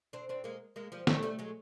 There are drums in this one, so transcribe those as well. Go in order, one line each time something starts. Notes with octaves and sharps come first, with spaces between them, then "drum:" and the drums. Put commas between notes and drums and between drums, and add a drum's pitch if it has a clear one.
C4 D4
C4 D4
G#3 A#3
G#3 A#3
F3 G3
G3 A3, drum: snare
G3 A3
F#3 G#3